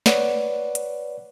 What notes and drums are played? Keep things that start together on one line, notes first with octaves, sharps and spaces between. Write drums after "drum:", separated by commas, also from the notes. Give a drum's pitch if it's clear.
B4 C#5 D5 F#5, drum: snare
drum: hi-hat